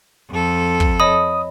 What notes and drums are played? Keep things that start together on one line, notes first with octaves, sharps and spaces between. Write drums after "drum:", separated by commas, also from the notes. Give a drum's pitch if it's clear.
F2 A4
drum: kick
C#5 D#5 B5 D#6